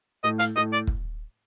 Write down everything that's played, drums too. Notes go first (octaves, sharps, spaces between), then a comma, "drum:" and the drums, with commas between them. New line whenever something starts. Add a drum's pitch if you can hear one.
A2 D#5
F5, drum: hi-hat
A2 D#5
D5
drum: kick